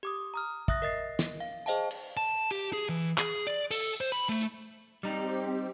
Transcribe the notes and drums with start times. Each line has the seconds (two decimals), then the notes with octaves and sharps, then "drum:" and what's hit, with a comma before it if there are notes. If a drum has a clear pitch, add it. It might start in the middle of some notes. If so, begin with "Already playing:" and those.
0.03 G4 D6 D#6
0.34 A#5 D#6 F6
0.68 E5 D#6 F#6 A#6, drum: kick
0.82 A#4 D#5 A6 C7
1.19 drum: snare
1.40 F5
1.66 G#4 C5 D#5 F5 G5 A5
1.91 drum: cymbal
2.17 A5
2.51 G4
2.73 G#4
2.89 E3
3.18 G#4, drum: clap
3.47 D5
3.71 A4, drum: open hi-hat
4.01 C5
4.12 B5
4.29 A3
4.41 drum: hi-hat
5.03 G3 C4 D#4 G4